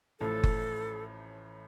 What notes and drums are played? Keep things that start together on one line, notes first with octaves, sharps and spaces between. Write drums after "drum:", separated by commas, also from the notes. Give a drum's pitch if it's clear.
A1 A2 F3 A4
drum: kick F#1